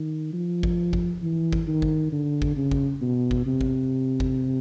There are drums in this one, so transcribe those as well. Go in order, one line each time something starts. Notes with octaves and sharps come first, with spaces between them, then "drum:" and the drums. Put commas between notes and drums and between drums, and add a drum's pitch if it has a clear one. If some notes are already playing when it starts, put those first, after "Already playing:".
Already playing: D#3
F3
drum: kick G#1
drum: kick G#1
E3
drum: kick G#1
D#3
drum: kick G#1
D3
drum: kick G#1
C#3
drum: kick G#1
B2
drum: kick G#1
C3
drum: kick G#1
drum: kick G#1